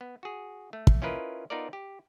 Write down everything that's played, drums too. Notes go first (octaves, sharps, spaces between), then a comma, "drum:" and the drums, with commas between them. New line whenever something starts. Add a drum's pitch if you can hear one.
B3
F#4 G#4
A3
drum: kick
C#4 E4 F4 A#4 B4 D#5
B3 D#4 F4 A4 A#4 D5
G4